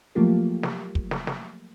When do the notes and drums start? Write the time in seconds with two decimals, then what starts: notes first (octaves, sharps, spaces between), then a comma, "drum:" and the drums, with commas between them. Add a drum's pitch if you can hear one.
0.15 F3 F#3 A3 A#3 F4 G4
0.63 drum: snare
0.95 drum: kick
1.11 drum: snare
1.27 drum: snare